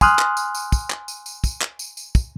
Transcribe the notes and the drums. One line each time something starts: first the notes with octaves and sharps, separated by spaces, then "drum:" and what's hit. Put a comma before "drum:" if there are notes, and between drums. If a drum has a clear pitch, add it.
G#5 C6 D#6 F6 F#6, drum: kick, tambourine
drum: clap
drum: tambourine
drum: tambourine
drum: kick, tambourine
drum: clap
drum: tambourine
drum: tambourine
drum: kick, tambourine
drum: clap
drum: tambourine
drum: tambourine
drum: kick, tambourine